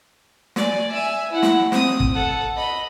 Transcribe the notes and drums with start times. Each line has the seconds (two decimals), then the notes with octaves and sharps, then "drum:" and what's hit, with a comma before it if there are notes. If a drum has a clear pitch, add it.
0.56 D5 G#5, drum: snare
0.91 E5 G#5
1.32 E4 F#5
1.42 drum: snare
1.72 C4 D#6, drum: snare
2.00 drum: kick
2.14 A4 F#5
2.56 D#5 B5